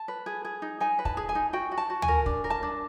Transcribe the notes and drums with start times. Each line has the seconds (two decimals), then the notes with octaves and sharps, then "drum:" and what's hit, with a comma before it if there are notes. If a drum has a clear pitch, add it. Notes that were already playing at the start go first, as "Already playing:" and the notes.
Already playing: A5
0.08 B4
0.26 G#4
0.45 G#4
0.62 D#4
0.80 D#4 G#5
0.99 B4
1.05 A5, drum: kick
1.17 G#4
1.29 G#5
1.35 D#4
1.53 F#4 G5
1.72 F#4
1.77 A5
1.90 F#4
2.02 G#5, drum: tom D2
2.08 A#4
2.26 D4, drum: kick
2.44 A#4
2.50 A5
2.63 D4